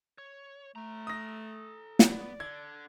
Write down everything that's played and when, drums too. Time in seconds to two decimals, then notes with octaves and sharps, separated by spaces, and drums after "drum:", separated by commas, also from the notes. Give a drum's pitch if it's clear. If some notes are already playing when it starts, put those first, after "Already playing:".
0.18 C#5
0.76 A3 A4 A#5
1.07 D#6 A#6
1.99 drum: snare
2.09 B3 D5
2.40 D3 G#6